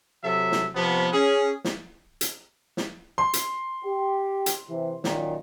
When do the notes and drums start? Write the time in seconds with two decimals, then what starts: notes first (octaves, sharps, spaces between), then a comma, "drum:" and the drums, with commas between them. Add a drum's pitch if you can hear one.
0.24 C3 F#3 A4 E5
0.52 drum: snare
0.75 C3 F3 B3
1.13 C#4 G#4
1.64 drum: snare
2.21 drum: hi-hat
2.77 drum: snare
3.18 C6
3.33 drum: hi-hat
3.85 G4
4.46 drum: hi-hat
4.69 C3 E3
5.04 F#2 A#2 D#3, drum: snare